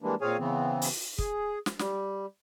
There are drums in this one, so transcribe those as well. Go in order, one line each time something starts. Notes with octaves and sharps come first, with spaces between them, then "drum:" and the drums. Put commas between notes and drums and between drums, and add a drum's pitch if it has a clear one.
E3 G3 G#3 A#3 D4
A#2 C4 G#4 C#5 F5 G#5
C#3 E3 B3 C4
drum: open hi-hat
G#4, drum: kick
drum: snare
G3, drum: snare